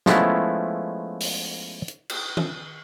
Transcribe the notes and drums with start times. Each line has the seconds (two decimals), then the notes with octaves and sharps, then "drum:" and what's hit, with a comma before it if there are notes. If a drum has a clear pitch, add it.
0.06 F3 G#3 A3 B3 C#4 E4, drum: snare
1.20 drum: open hi-hat
1.88 drum: hi-hat
2.10 drum: cymbal
2.37 drum: tom